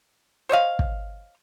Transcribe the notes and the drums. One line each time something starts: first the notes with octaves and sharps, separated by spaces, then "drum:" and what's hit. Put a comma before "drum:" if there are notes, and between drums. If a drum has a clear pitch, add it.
C5 C#5 D#5 F5
drum: kick